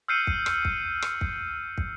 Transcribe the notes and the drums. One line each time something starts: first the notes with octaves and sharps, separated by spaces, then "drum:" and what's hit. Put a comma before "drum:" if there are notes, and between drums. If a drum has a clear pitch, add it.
E6 F6 G6 C7 C#7 D#7
drum: kick
drum: rim click
drum: kick
drum: rim click
drum: kick
drum: kick